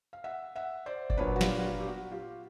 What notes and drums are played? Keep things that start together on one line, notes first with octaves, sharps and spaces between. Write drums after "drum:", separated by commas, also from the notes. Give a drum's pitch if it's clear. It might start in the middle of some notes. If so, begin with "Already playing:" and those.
F5
E5 F#5
E5 F#5
C5 D5
D5, drum: kick F#1
A#2 F#3 B3 D4 B4 C#5
F#4
F4 G4, drum: snare
F#4
F4
G4
F#4
F4 G4